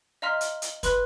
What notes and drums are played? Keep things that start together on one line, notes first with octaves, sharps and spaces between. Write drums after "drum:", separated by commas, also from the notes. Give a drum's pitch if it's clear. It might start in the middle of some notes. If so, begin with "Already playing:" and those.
D#5 F5 A#5 C6 F6 B6
drum: hi-hat
drum: hi-hat
B4 B5 C6 F#6, drum: kick, hi-hat